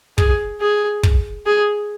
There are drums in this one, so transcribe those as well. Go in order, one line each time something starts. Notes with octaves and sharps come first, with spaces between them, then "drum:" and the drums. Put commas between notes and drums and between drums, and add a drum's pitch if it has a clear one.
G#4, drum: kick
G#4
drum: kick
G#4